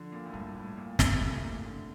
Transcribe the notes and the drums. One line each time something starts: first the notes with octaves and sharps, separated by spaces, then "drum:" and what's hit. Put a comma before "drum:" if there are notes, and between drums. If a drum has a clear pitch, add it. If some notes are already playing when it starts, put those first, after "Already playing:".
Already playing: D3 F3
A#2
A2
G2 G3
A2
A#2
C3, drum: snare
A2 A3
A#2
D3